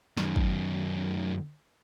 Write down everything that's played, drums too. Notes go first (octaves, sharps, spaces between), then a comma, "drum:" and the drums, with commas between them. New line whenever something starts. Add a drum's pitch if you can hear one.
F#2 D#3, drum: snare
drum: kick